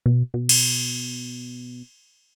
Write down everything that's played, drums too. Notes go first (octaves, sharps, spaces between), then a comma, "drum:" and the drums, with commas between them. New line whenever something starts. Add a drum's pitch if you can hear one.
B2
B2
drum: cymbal